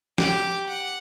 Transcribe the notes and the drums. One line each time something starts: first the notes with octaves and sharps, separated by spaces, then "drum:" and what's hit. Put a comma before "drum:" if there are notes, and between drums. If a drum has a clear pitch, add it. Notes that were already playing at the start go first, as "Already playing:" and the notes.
G4 D6, drum: snare
F#5